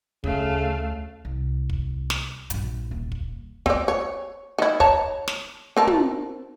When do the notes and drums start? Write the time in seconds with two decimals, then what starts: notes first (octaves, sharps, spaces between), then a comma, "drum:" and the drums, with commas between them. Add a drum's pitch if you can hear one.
0.24 D2 C#3 A3 F5, drum: kick
1.25 C2
1.70 drum: kick
2.10 drum: snare
2.50 A#1 G2, drum: hi-hat
2.91 D#1 A#3
3.12 drum: kick
3.66 C4 D5, drum: kick
3.88 C#5
4.59 D#3 E4
4.80 C#5 A5 A#5, drum: kick
5.28 drum: snare
5.77 C4 A#4 A5
5.87 drum: tom